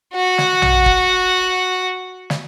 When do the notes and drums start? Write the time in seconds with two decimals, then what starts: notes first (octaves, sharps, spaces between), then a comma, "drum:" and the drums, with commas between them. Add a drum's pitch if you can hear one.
0.14 F#4 F#5
0.38 drum: snare
0.62 drum: tom A#1
0.86 drum: kick
2.30 drum: snare